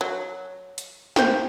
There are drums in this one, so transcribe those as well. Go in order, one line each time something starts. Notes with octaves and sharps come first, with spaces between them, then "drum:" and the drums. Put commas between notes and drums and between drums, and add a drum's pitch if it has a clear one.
F#3
drum: hi-hat
C5 G5, drum: snare